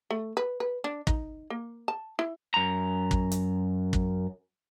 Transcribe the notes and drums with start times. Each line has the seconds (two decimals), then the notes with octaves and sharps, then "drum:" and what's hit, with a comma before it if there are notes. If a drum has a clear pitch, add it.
0.11 A3
0.37 B4
0.60 B4
0.84 D4
1.07 D#4, drum: kick
1.50 A#3
1.88 A5
2.19 E4
2.54 F#2 A#5
3.11 drum: kick
3.31 drum: hi-hat
3.93 drum: kick